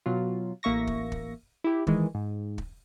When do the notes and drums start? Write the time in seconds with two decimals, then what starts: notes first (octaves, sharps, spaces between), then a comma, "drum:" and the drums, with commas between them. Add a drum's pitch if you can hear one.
0.06 B2 F#3 F4
0.63 A1 A#3 E5 C#6 A#6
0.87 drum: kick
1.12 drum: kick
1.64 E4 G4
1.87 D#3 E3 G#3, drum: kick
2.15 G#2
2.58 drum: kick